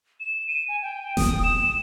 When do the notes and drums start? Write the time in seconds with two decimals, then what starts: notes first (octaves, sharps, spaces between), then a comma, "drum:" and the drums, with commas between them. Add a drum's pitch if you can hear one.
0.20 E7
0.47 D#7
0.68 G#5
0.82 G5
1.17 D#6, drum: snare E1
1.44 E7